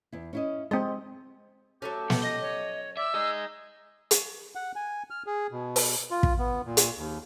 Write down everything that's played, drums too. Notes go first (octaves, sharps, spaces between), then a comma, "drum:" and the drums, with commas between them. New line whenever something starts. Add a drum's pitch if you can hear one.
E2 E4
C#4 E4 D#5
G#3 C4 D#5
F#3 A3 C#4 G4
B3, drum: snare
D#5 A#6
C#5
D5 E5 E6
D#4 G#4 D#5
drum: hi-hat
F#5
G#5
F6
G#4
B2
drum: open hi-hat
F4
drum: kick
B3
A#2
drum: hi-hat
D#2